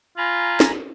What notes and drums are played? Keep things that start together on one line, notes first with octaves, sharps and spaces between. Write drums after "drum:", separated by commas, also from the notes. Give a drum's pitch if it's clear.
F4 G#5 A#5 B5
drum: snare